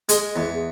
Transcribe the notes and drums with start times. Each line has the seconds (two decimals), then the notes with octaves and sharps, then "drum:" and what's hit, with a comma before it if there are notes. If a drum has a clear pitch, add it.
0.09 G#3, drum: hi-hat
0.36 E2